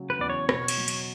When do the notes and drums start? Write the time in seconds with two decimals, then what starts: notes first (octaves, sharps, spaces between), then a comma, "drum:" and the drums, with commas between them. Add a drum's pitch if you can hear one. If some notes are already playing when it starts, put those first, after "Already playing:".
Already playing: C#3 F#3 C#4
0.10 B4
0.19 E2 D5
0.30 C#5
0.49 B2 C#5, drum: rim click
0.68 drum: cymbal
0.78 F#3
0.88 drum: cymbal